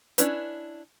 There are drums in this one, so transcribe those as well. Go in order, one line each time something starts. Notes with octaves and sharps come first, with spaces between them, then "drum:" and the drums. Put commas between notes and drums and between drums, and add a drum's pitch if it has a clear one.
C#4 D4 E4 B4, drum: hi-hat